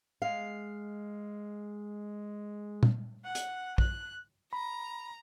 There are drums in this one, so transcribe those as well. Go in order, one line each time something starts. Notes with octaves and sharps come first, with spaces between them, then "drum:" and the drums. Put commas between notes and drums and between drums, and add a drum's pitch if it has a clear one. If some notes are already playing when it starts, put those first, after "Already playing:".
G#3 F5
drum: tom A#2
F#5
drum: hi-hat
F#6, drum: kick A#1
A#5 B5